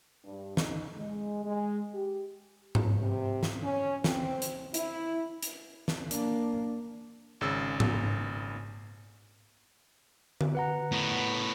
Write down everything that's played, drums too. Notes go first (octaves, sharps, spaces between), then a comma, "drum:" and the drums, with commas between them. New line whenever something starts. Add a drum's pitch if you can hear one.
G2
D#4, drum: snare
G#3
G#3
G4
drum: tom G#2
C3
drum: snare
C#4
C4, drum: snare
drum: hi-hat
E4, drum: hi-hat
drum: hi-hat
drum: snare
A#3 D4, drum: hi-hat
G#1 C#3 E6
drum: tom G#2
drum: tom D3
B4 F#5 A#5
A2 B3